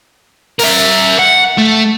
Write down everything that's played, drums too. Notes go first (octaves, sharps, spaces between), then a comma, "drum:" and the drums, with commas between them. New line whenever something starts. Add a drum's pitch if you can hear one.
A#4 E5, drum: open hi-hat
F#5
A3